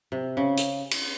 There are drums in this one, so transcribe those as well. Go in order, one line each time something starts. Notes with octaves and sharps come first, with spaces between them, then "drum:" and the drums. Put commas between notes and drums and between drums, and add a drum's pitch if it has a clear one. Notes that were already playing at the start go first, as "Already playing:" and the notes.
C3
C#3
drum: hi-hat
drum: cymbal